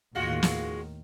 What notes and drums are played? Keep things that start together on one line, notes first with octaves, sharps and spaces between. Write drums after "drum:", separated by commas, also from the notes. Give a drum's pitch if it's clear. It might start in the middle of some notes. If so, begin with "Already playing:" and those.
D#2 A2 D#3 G#3 F4 F#4
drum: snare